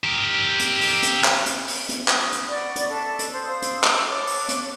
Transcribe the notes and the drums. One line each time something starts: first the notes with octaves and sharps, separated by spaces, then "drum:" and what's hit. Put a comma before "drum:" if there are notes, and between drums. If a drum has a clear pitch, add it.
G4 A#4
drum: hi-hat
drum: open hi-hat
drum: hi-hat
drum: clap
drum: hi-hat
drum: open hi-hat
drum: hi-hat
E5 D#6, drum: clap
drum: hi-hat
D5 F#5 B5 C#6
drum: hi-hat
D4 A4 E5 A5
drum: hi-hat
C5
C5 F5 D#6 E6
drum: hi-hat
drum: clap
C#5 A5 D6 F#6
drum: open hi-hat
drum: hi-hat